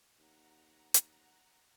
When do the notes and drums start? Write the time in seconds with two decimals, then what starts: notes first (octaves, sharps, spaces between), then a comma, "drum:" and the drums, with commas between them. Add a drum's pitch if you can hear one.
0.18 D#2 F#5 A#5
0.94 drum: hi-hat